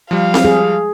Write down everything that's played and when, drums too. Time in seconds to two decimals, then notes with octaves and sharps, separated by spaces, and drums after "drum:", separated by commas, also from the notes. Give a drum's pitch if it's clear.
0.11 F3 G3 F5
0.34 drum: snare C4
0.45 G#4